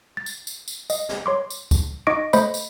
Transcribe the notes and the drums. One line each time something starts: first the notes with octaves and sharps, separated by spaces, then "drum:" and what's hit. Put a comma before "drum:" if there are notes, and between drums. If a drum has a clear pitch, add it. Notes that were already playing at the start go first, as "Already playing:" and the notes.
A6
drum: tambourine
drum: tambourine
drum: tambourine
D#5, drum: tambourine
drum: snare
C#5 C6 D6
drum: tambourine
drum: kick C#2, tambourine
D#4 D#5 C#6 D6 A#6 D7
A3 C5 D#5 B5, drum: tambourine
drum: tambourine